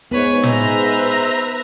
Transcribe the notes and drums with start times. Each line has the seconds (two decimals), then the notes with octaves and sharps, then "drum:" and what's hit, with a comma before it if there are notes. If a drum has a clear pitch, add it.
0.12 G#2 B3 B4 C#5
0.43 B4 C5 E5 A#5, drum: tom